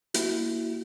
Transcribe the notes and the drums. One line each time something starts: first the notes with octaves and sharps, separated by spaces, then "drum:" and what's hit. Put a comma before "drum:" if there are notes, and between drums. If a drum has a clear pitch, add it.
A#3 E4 F#4, drum: hi-hat